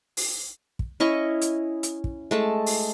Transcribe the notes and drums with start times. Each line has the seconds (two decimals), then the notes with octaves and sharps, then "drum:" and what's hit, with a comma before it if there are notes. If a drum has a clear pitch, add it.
0.17 drum: open hi-hat
0.79 drum: kick
1.00 C#4 E4 D#5 C#6
1.42 drum: hi-hat
1.83 drum: hi-hat
2.04 drum: kick
2.31 G#3 A3 A5
2.66 drum: open hi-hat